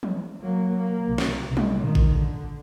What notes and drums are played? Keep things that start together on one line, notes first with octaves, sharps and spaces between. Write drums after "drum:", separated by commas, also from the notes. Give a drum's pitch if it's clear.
drum: tom E3
F#3 A#3
A#3
C2
drum: snare
C2
drum: tom
A#2 D#3
drum: kick G#1
D3